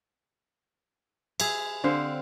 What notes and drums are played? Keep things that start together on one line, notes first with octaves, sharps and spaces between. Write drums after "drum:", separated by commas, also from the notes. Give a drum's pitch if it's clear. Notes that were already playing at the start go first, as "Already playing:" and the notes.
G#4 E5, drum: cymbal
D3 C4 G4 F5